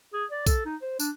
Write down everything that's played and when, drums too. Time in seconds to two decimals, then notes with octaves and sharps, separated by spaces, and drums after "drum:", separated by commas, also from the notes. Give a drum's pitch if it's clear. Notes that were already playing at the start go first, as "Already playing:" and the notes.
0.13 G#4
0.31 D5
0.47 A4, drum: kick, tambourine
0.66 D#4
0.82 C5
1.00 D4, drum: tambourine